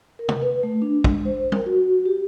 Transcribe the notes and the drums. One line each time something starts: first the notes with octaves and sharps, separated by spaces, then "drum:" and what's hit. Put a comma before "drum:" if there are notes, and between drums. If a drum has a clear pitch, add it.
A#4
drum: tom
B4
A3
D4
G#3, drum: kick
C5
A#4, drum: tom
F#4
G4